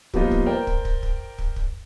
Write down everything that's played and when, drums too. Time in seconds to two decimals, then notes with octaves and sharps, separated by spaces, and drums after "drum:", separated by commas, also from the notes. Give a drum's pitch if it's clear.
0.14 F3 G3 A#3 B3 D#4 F4, drum: kick
0.31 drum: kick
0.46 A#4 C5 D5 G5
0.67 drum: kick
0.85 drum: kick
1.03 drum: kick
1.39 drum: kick
1.56 drum: kick